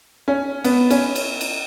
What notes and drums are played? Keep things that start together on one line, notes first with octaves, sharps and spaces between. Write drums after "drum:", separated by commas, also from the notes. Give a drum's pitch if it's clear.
C#4
B3, drum: cymbal
C#4, drum: cymbal
drum: cymbal
drum: cymbal